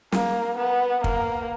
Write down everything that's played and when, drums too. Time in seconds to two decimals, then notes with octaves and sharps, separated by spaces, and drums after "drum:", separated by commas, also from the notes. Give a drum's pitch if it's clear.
0.12 A#3, drum: snare
0.58 B3
1.04 A#3, drum: kick